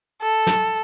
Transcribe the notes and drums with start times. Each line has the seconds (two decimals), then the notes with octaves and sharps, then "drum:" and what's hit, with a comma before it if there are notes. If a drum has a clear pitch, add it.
0.21 A4
0.47 drum: snare